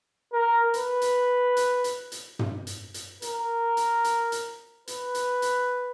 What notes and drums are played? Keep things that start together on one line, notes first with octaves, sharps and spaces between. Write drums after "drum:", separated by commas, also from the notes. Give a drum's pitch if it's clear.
A#4
B4, drum: hi-hat
drum: hi-hat
drum: hi-hat
drum: hi-hat
drum: hi-hat
drum: tom
drum: hi-hat
drum: hi-hat
A#4, drum: hi-hat
drum: hi-hat
drum: hi-hat
drum: hi-hat
B4, drum: hi-hat
drum: hi-hat
drum: hi-hat